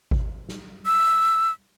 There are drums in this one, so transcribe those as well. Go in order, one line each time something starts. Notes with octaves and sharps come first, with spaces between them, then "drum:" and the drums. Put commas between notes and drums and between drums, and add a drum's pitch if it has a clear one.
drum: kick G#1
drum: snare
E6